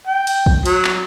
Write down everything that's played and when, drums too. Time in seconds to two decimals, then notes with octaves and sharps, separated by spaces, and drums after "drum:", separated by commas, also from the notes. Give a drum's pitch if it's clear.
0.07 G5
0.27 drum: cymbal
0.46 drum: kick
0.65 F#3, drum: cymbal
0.85 drum: clap